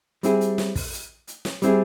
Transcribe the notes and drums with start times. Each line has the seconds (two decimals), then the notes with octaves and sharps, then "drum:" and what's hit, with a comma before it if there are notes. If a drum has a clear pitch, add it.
0.23 G3 C4 E4 G#4, drum: hi-hat
0.41 drum: hi-hat
0.58 drum: snare
0.75 drum: kick, open hi-hat
0.93 drum: hi-hat
1.27 drum: hi-hat
1.45 drum: snare
1.62 G3 C4 E4 G#4, drum: hi-hat